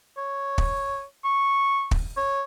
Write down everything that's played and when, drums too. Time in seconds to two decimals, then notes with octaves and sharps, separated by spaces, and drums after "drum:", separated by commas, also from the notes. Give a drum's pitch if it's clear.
0.17 C#5
0.58 drum: kick
1.25 C#6
1.91 drum: kick
2.17 C#5